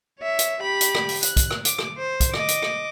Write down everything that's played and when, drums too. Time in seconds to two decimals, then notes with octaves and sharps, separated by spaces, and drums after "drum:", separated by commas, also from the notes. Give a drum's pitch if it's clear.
0.19 C#5 E5
0.39 drum: hi-hat
0.61 G4 B5
0.81 drum: hi-hat
0.95 drum: rim click
1.09 drum: open hi-hat
1.23 F#6, drum: hi-hat
1.37 drum: kick, hi-hat
1.51 drum: rim click
1.65 D6, drum: hi-hat
1.79 drum: rim click
1.98 C5
2.20 drum: kick, hi-hat
2.34 D#5 D6, drum: rim click
2.48 drum: hi-hat
2.62 drum: rim click